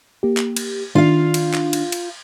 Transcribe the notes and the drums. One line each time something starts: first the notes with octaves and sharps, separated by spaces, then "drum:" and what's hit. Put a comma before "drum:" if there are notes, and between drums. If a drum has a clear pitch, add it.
A#3 G4
drum: clap
drum: cymbal
D#3 D4 F4 F5
drum: cymbal
drum: clap
drum: cymbal
drum: cymbal